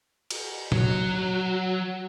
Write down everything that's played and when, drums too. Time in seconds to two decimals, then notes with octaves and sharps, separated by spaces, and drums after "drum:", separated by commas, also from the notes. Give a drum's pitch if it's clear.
0.31 drum: cymbal
0.72 F#3, drum: tom